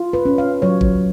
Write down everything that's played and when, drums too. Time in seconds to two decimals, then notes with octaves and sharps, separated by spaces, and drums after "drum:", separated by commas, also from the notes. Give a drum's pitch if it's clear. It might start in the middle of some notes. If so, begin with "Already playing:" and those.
Already playing: F4
0.13 B4
0.25 C#4
0.38 F5
0.62 F#3 C#5
0.81 drum: kick G1